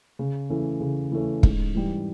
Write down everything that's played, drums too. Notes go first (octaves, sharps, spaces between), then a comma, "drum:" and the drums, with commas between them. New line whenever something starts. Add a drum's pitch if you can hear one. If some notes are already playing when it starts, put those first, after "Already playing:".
C#3
E3 A3 C#4
C#3
E3 A3 C#4
G#2, drum: kick
E3 G3